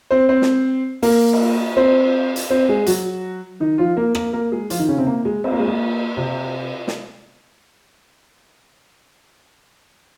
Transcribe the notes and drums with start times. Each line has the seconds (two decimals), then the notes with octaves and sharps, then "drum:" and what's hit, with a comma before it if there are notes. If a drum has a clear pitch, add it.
0.11 C4 C5
0.29 C4 C5
0.42 drum: snare
1.02 A#3 A#4, drum: open hi-hat
1.33 drum: cymbal
1.77 C4 C5
2.36 drum: hi-hat
2.50 C4 C5
2.69 G#3 G#4
2.86 F#3 F#4, drum: hi-hat
3.60 D#3 D#4
3.78 F3 F4
3.97 A#3 A#4
4.15 A#3 A#4, drum: rim click
4.33 A#3 A#4
4.52 G#3 G#4
4.70 F3 F4, drum: hi-hat
4.79 D#3 D#4
4.88 C#3 C#4
4.98 C3 C4
5.06 A#3
5.25 G#3
5.44 C4, drum: cymbal
5.52 A#3
5.59 G#3
5.67 A#3
6.17 C3 C4
6.88 drum: snare